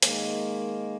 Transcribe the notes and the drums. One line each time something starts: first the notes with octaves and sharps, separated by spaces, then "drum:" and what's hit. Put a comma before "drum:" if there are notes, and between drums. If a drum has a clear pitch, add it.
D#3 G#3 A#3, drum: hi-hat